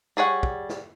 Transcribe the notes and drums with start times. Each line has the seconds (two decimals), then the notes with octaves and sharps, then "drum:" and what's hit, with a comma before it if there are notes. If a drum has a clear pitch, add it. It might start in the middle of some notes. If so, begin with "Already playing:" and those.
0.17 G3 G#4 C#5 F#5
0.43 drum: kick
0.69 drum: snare